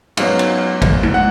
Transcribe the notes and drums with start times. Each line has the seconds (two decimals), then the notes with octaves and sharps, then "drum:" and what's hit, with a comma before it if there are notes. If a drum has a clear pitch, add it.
0.17 G#2 F#3 B3 F5, drum: cymbal
0.39 drum: cymbal
0.82 drum: kick G#1, cymbal
1.03 drum: tom G#3
1.14 F#5